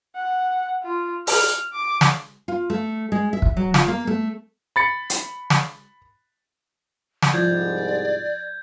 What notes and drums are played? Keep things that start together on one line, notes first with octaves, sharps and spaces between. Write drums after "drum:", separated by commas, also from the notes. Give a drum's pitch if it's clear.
F#5
F4
F6, drum: open hi-hat
D6
drum: snare
F4
A3
G#3
E5
drum: kick
F#3
F4, drum: snare
A#3
A3
B5 A6 C#7
drum: hi-hat
drum: snare
drum: snare
C2 G#2 F3 D5 G6 G#6